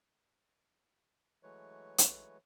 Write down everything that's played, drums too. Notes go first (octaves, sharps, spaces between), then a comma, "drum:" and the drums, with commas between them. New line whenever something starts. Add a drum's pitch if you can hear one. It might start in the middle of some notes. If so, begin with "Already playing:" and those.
E3 F#3 G#3 A3 B4 C#5
drum: hi-hat